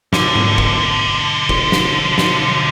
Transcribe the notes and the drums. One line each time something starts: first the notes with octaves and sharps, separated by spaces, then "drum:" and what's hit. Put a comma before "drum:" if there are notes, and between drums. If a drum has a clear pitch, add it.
B1 D3, drum: snare
drum: tom G#2
drum: kick
drum: kick
drum: snare
drum: snare